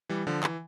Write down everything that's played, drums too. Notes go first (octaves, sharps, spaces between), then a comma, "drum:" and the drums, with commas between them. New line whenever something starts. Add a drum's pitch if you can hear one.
E3 G3
D3 F3
E3, drum: clap